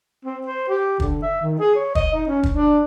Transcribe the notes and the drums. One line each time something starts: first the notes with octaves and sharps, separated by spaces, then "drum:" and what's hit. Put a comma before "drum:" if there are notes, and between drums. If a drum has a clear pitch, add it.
C4
C5
G4
D3, drum: kick
E5
D#3
G#4
C#5
D#5, drum: kick
D#4
C#4
drum: kick
D4